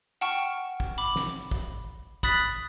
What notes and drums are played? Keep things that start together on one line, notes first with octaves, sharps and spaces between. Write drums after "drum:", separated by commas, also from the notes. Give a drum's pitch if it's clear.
F#5 G5 A5 C#6 F6
drum: kick
B5 D6
drum: snare
drum: kick
B5 D#6 F#6 A6 B6, drum: kick